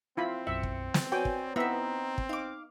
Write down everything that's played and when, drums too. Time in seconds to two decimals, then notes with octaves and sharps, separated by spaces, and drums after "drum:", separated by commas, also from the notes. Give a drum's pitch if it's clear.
0.17 C4 E4 F4 B5
0.47 B1 F#2 E5 C#7
0.63 drum: kick
0.94 drum: snare
1.12 F#4 B4 C#5 D5 G5 G#5 D6
1.25 drum: kick
1.56 B3 C4 D#4 E4 B4 E5
2.18 drum: kick
2.29 D#4 F5 D6